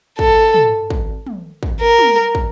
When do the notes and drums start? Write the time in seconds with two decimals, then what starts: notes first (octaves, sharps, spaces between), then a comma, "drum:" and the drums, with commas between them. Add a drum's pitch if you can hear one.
0.19 A4, drum: kick
0.54 drum: tom
0.90 drum: kick
1.27 drum: tom
1.63 drum: kick
1.81 A#4
1.99 drum: tom
2.35 drum: kick